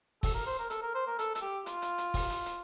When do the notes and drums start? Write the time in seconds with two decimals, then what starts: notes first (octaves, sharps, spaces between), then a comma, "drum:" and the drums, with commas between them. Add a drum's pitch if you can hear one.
0.23 A4, drum: kick, open hi-hat
0.34 A#4
0.46 C5
0.59 A#4
0.70 A4, drum: hi-hat
0.82 A#4
0.95 C5
1.07 A#4
1.19 A4, drum: hi-hat
1.35 A4, drum: hi-hat
1.42 G4
1.66 F4, drum: hi-hat
1.82 drum: hi-hat
1.98 drum: hi-hat
2.14 drum: kick, open hi-hat
2.30 drum: hi-hat
2.46 drum: hi-hat